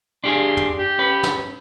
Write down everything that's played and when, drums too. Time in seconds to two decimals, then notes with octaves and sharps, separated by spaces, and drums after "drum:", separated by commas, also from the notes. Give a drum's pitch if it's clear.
0.24 D4 G4 G#4 C6
0.57 drum: tom
0.79 G4
0.99 C#4 B4
1.23 drum: snare